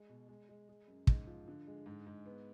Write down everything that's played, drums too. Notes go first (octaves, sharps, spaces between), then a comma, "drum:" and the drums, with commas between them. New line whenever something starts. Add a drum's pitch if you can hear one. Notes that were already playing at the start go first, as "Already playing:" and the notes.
Already playing: G#3
B2
G#3
G#3
G#3
F#2
G#2, drum: kick
F3
D3
G#3
G#2
G#2
B3